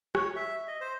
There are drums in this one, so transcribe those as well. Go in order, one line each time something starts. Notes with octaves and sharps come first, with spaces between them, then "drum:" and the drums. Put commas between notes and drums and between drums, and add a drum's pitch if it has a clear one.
C#5, drum: rim click
E5
D#5
C5